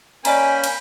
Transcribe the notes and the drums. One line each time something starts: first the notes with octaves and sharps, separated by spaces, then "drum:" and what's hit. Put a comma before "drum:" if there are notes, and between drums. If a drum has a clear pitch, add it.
A#3 C#4 D5 D#5 G5 G#5 A#5 B5, drum: cymbal
drum: cymbal